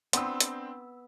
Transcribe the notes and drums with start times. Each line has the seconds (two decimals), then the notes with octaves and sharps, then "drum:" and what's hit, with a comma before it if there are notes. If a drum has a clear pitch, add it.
0.13 B3 C4 D4 G5 C6 E6, drum: hi-hat
0.40 drum: hi-hat